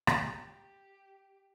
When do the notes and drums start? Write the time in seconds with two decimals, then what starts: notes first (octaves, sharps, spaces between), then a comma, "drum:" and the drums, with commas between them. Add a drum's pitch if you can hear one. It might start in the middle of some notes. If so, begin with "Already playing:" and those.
0.07 drum: rim click
0.23 G4